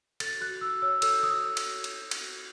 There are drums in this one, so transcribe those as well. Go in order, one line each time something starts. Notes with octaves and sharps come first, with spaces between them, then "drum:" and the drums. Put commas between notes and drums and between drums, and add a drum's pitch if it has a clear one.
A4 A6, drum: cymbal
F#4 F#6
F#4 E6
C#5 E6
A4 E6, drum: cymbal
F#4 D#6
drum: cymbal
drum: cymbal
drum: cymbal